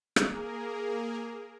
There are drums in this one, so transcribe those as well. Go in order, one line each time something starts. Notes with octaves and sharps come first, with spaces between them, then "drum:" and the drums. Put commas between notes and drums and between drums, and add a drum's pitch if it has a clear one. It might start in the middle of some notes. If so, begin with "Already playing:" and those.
A#3 G#4 A#4, drum: rim click